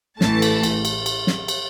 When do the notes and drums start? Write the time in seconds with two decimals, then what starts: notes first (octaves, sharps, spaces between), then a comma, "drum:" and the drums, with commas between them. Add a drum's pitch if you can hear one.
0.21 A1 A2 E3 A3 A5, drum: snare
0.42 drum: cymbal
0.63 drum: cymbal
0.85 drum: cymbal
1.06 drum: cymbal
1.27 drum: snare
1.48 drum: cymbal